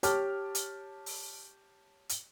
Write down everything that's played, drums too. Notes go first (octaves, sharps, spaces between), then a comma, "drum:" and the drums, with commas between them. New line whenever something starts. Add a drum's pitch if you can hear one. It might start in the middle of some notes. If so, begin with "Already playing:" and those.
G4 C#5 A5 D6 F6, drum: hi-hat
drum: hi-hat
drum: open hi-hat
drum: hi-hat